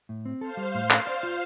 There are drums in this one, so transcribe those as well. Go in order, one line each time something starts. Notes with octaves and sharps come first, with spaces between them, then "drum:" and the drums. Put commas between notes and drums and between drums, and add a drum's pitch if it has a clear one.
A2
C4
A4 C5 F5
G3
A2
A4, drum: clap
D5
F4